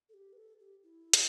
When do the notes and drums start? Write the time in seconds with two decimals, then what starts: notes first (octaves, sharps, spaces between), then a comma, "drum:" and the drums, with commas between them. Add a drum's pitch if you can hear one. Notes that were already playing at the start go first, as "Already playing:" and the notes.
0.09 A4
0.14 G4
0.33 B4
0.37 A4
0.60 G4
0.83 E4
1.13 drum: hi-hat